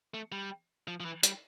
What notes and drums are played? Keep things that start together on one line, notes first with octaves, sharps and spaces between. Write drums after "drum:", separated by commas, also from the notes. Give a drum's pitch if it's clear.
A3
G3
F3
F3
E3
G3, drum: hi-hat